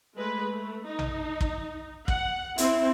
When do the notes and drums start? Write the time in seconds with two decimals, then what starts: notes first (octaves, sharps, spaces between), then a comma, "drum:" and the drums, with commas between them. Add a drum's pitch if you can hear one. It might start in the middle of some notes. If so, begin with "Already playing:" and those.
0.16 G#3 A3 B4
0.50 A3
0.86 D#4
0.99 drum: tom A#1
1.41 drum: kick
2.08 F#5, drum: kick
2.58 C4 E4, drum: hi-hat